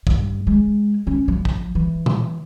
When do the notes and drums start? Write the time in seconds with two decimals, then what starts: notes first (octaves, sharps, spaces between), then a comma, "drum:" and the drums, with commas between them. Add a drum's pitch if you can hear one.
0.07 G2, drum: kick
0.47 G#3
1.07 C#4
1.28 F3
1.45 drum: kick
1.75 E3
2.06 drum: tom A#2